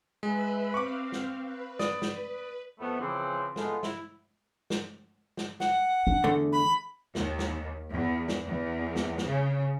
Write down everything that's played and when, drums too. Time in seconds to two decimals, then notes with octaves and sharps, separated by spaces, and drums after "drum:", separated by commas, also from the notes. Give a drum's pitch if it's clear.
0.23 G#3 B4 E5 B5
0.74 C4 F5 C#6 D6
1.12 drum: snare
1.44 B4
1.79 D5 D#6, drum: snare
2.02 drum: snare
2.80 F2 A3 B3
3.00 C#3 E3 F3 C4
3.56 G#3 A3 B3 D#4 F4, drum: snare
3.83 E4, drum: snare
4.70 drum: snare
5.37 drum: snare
5.60 F#5, drum: snare
6.07 D4
6.24 E2 D3 A3
6.53 B5
7.15 D#2, drum: snare
7.39 drum: snare
7.91 E2
8.28 drum: snare
8.46 E2
8.95 drum: snare
9.18 drum: snare
9.27 C#3